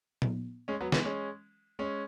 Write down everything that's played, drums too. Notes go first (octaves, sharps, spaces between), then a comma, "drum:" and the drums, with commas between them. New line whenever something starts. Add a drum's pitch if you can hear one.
drum: tom A#2
G#3 C#4
F#3 B3
E3 G#3, drum: snare
G#3 C#4
G#3 C#4